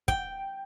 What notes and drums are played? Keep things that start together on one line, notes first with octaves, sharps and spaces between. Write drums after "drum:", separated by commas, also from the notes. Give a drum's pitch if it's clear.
G5, drum: kick